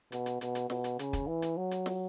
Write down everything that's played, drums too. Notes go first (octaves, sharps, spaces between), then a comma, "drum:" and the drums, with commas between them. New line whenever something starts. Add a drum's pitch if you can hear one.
B2, drum: hi-hat
drum: hi-hat
B2, drum: hi-hat
drum: hi-hat
B2, drum: snare
drum: hi-hat
C#3, drum: hi-hat
drum: kick, hi-hat
E3
drum: hi-hat
F#3
drum: hi-hat
drum: snare